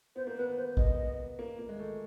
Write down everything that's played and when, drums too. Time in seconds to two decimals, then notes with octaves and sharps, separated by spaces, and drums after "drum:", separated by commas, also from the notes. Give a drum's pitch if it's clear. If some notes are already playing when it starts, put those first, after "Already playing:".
0.16 B3 C5
0.27 A#3
0.36 B4
0.39 B3
0.56 C5
0.77 D#5, drum: kick
1.39 A#3
1.59 A#3
1.69 G#3
1.79 A3